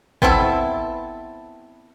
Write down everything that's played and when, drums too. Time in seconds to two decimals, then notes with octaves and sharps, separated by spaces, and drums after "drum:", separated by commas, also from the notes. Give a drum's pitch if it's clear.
0.22 B3 C4 E4 A4, drum: kick